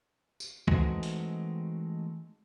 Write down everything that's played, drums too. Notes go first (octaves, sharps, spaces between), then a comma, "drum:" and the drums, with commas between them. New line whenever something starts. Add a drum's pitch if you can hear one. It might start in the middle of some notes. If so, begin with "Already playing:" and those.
drum: tambourine
E3 G#3 A3 C4 D#4 F#4, drum: kick C#2
drum: open hi-hat